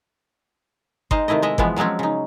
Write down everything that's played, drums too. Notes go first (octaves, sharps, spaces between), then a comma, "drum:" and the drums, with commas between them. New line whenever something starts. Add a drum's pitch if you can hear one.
G#3 D#4 C5 D#5 F5, drum: kick G1
C3 D#3 A3 E4 D#5
G#3 D#5 E5
B2 E3 F3 G#3 B3, drum: kick G1
F3 F#3 G#3 C4 C#4
C#3 D#4